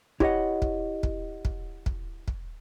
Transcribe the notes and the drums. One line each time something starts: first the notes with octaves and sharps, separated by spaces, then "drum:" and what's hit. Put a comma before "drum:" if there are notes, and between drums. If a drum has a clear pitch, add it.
E4 G4 C#5 D#5 F#5, drum: kick
drum: kick
drum: kick
drum: kick
drum: kick
drum: kick